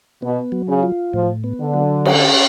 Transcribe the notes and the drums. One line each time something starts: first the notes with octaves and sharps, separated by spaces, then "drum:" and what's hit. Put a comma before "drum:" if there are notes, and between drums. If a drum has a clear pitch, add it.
B2 B3
F#3
C#3
F4
A2 F3
B3
D3
F#3
C#4, drum: cymbal